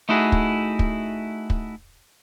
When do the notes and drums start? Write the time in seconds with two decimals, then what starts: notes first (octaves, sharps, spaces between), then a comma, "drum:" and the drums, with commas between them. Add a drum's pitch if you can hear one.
0.09 A3 D#4 E4 F#4 G#4
0.32 drum: kick
0.79 drum: kick
1.50 drum: kick